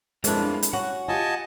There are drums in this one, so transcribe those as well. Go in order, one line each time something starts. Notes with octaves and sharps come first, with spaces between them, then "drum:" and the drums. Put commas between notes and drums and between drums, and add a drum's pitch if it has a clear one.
F2 G#3 B3 C4 D4 E4 A#4, drum: hi-hat
drum: hi-hat
C#4 F#4 F#5
E4 F4 G4 D#5 G#5 A5